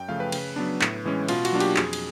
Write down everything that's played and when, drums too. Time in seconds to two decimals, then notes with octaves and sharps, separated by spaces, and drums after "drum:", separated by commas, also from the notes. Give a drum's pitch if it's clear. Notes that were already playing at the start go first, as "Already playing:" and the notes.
Already playing: F#2 G5
0.08 C#3 F3 A3 F5
0.20 B4
0.32 C#3, drum: cymbal
0.56 F#3 B3 D4
0.81 A2, drum: clap
1.05 E3 G#3 C#4
1.28 B2 F4, drum: cymbal
1.45 F#4, drum: cymbal
1.52 F#3 A#3 D4
1.60 G4, drum: cymbal
1.76 F2 G#4, drum: clap
1.93 drum: cymbal